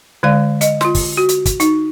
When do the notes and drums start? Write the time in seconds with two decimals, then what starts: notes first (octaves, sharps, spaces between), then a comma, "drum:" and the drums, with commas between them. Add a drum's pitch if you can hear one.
0.23 D3 G#3 D5 F5
0.61 D#5, drum: hi-hat
0.81 F4 C6, drum: snare
0.95 drum: kick, open hi-hat
1.17 F#4
1.29 drum: hi-hat
1.45 drum: kick, hi-hat
1.60 D#4, drum: hi-hat